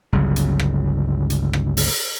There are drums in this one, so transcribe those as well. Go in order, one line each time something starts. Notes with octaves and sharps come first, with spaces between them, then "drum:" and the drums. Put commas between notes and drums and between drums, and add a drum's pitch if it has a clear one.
G1 C#2 C#3 F#3
drum: hi-hat
drum: rim click
drum: hi-hat
drum: rim click
drum: open hi-hat